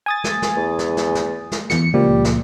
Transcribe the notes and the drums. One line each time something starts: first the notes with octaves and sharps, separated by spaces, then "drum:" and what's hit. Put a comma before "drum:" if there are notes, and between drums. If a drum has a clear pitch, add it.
G#5 D#6 A6
drum: snare
drum: snare
E2
drum: snare
drum: snare
drum: snare
drum: snare
E2 C#7, drum: snare
C#2 A#2 F3 G3
drum: snare